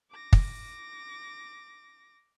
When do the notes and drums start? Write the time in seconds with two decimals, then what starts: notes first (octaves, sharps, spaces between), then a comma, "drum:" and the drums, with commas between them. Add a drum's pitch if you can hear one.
0.11 D6 A#6
0.33 drum: kick